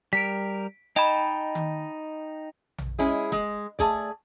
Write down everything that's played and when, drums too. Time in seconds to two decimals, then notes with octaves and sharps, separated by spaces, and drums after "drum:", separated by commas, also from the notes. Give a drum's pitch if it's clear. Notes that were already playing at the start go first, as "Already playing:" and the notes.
0.13 G3 A#4 B6 D7
0.96 D#4 D#5 G5 A5 B5
1.55 drum: tom D#3
2.78 drum: tom A#1
2.99 G#3 C#4 E4 G#4
3.32 G#3, drum: snare
3.79 A3 G#4 D5, drum: kick